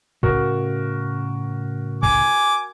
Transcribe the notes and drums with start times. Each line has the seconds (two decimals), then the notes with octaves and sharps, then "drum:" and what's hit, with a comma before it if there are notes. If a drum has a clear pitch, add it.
0.23 A2 C#3 F#4 A#4, drum: kick C2
2.03 G#5 D6, drum: kick C2